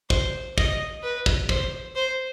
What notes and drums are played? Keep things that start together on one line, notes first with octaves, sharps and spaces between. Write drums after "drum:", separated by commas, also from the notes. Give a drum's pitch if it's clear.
C5, drum: kick
D#5, drum: kick
B4
drum: kick
C5, drum: kick
C5